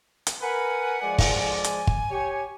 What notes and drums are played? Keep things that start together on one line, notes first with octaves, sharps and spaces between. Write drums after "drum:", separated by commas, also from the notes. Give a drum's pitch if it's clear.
drum: hi-hat
A#4 B4 F#5 G#5
F3 G#3 D5
drum: kick, open hi-hat
G#5, drum: hi-hat
drum: kick
G4 C#5